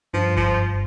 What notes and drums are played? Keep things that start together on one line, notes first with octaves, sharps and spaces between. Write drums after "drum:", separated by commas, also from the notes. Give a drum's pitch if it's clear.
G2 F3
F3, drum: kick F#1